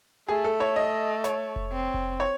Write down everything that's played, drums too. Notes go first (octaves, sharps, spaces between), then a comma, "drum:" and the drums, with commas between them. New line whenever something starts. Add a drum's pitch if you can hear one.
A3 G#4
A4
C#5
D#5
C#5, drum: snare
drum: kick F1
C4
drum: kick F1
C#5